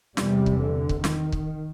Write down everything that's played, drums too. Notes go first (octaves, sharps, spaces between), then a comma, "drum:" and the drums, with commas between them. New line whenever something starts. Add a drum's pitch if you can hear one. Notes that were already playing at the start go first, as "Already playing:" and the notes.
E2 C3 G3, drum: snare
drum: kick C#1
D3
drum: kick C#1
D#3, drum: snare
drum: kick C#1